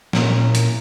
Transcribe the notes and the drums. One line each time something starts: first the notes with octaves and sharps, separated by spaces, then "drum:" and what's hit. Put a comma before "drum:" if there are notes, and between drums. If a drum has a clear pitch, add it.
A#2 A#3 C#4 E4 A#5, drum: snare
drum: hi-hat